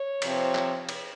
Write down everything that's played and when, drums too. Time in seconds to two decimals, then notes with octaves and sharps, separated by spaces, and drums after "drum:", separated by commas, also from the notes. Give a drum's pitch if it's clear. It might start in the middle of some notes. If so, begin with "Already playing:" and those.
Already playing: C#5
0.22 C3 F3 C4, drum: cymbal
0.55 drum: clap
0.89 drum: cymbal